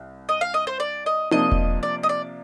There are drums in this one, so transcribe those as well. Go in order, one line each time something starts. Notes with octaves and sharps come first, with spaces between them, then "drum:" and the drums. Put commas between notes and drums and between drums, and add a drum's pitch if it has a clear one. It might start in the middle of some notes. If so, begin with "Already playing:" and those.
Already playing: C2
D#5
F5
D#5
C5
D5
D#5
C3 F3 A#3 D4 D#5, drum: tom D#4
drum: kick E1
D5
D#5
D5